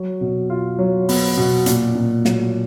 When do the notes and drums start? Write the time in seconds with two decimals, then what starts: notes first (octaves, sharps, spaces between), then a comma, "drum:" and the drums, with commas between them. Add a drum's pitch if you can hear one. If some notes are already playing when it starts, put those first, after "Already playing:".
Already playing: F#3
0.21 B2
0.50 F4
0.79 F#3
1.09 B3, drum: open hi-hat
1.37 B2
1.66 A#2, drum: hi-hat
1.95 A#2
2.25 F#3, drum: snare